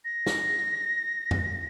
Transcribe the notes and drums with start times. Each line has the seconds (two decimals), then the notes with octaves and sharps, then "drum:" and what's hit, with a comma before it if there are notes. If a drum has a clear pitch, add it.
0.05 A#6
0.26 drum: snare
1.31 drum: tom F2